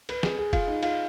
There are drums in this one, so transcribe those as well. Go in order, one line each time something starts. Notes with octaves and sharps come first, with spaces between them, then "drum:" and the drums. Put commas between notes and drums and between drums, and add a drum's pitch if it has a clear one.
B4, drum: cymbal
G#4, drum: snare
G#4
F4, drum: kick, cymbal
D#4
F4, drum: cymbal